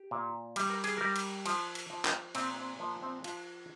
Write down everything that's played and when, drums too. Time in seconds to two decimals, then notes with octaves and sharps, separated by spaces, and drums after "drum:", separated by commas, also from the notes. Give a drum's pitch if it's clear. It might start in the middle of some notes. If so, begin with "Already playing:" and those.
Already playing: G4
0.11 A#2
0.56 G3, drum: cymbal
0.70 A#4
0.84 G#4, drum: cymbal
0.97 G3 A#4
1.16 drum: cymbal
1.46 F3, drum: cymbal
1.75 drum: cymbal
1.90 F3
2.05 drum: clap
2.35 A#2 C4, drum: cymbal
2.57 C4
2.80 F3 A#3
3.03 C4
3.24 F3 F4, drum: cymbal